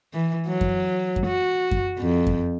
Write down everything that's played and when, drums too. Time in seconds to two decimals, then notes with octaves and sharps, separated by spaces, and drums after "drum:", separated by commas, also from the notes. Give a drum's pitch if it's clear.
0.14 E3
0.47 F#3
0.61 drum: kick F#2
1.16 drum: kick F#2
1.26 F#4
1.71 drum: kick F#2
1.99 F2
2.27 drum: kick F#2